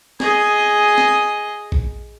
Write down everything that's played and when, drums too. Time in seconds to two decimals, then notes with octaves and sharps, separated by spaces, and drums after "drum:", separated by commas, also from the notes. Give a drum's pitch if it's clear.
0.20 G#4 D#5, drum: snare
0.98 drum: snare
1.72 drum: kick